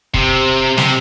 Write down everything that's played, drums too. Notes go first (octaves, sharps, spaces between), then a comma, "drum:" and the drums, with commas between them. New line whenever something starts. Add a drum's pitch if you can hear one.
C3, drum: kick
C3, drum: snare